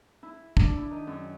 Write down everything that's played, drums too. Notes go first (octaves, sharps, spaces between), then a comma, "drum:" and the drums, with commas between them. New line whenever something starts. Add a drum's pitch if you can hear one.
E4
D4, drum: kick
E4
D#3
F#2